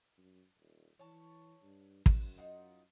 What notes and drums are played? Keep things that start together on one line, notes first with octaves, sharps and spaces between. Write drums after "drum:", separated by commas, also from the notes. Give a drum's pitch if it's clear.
F#2
D#1
E3 C#5 A5
G2
F#2, drum: kick
D#4 F4 F#5